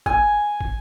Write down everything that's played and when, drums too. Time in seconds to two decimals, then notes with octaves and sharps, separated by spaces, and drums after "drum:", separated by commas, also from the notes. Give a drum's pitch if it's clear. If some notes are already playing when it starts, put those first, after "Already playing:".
0.06 G#5, drum: kick
0.61 drum: kick